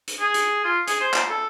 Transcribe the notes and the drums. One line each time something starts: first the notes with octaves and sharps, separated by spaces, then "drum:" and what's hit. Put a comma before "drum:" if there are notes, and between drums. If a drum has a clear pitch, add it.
drum: hi-hat
G#4
drum: hi-hat
F4
G#4, drum: hi-hat
C5
drum: clap
A4